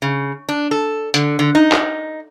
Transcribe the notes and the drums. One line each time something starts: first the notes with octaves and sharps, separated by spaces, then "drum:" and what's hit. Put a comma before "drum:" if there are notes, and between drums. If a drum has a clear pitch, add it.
C#3
D4
A4
D3, drum: hi-hat
D3
D#4
drum: clap